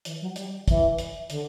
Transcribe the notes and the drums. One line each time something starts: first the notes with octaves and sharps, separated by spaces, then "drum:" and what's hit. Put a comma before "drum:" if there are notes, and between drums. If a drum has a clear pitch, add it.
E3, drum: hi-hat
F#3
G3, drum: hi-hat
E3, drum: kick, hi-hat
drum: hi-hat
D3, drum: hi-hat